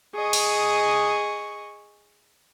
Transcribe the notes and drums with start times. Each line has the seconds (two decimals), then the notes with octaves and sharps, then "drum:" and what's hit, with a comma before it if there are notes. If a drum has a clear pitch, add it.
0.14 G#4 D#5 C#6
0.33 drum: cymbal